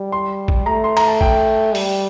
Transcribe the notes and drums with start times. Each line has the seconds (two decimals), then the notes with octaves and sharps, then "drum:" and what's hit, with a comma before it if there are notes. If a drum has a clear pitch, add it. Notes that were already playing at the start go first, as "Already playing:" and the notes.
Already playing: G3
0.12 C6
0.48 drum: kick
0.66 A3 A#5
0.84 C6
0.97 A#5, drum: cymbal
1.08 A5
1.21 G5, drum: kick
1.75 G3, drum: open hi-hat